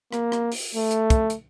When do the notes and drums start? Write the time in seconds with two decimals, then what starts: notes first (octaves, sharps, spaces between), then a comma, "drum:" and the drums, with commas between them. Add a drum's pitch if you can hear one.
0.13 A#3, drum: rim click
0.32 drum: rim click
0.52 drum: open hi-hat
0.75 A3
0.91 drum: hi-hat
1.10 drum: kick, hi-hat
1.30 drum: hi-hat